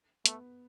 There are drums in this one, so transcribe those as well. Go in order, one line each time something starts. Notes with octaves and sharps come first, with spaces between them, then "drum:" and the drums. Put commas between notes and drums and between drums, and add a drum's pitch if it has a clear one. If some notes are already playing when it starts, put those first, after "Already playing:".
A3 B3, drum: hi-hat